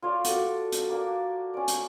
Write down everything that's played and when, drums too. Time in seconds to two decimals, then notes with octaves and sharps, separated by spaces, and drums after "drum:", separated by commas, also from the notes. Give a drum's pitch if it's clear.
0.02 F4 C#5 D5
0.24 D4 F#4 A4, drum: hi-hat
0.72 drum: hi-hat
0.90 A#3 D4
1.54 C#4 D5
1.68 drum: hi-hat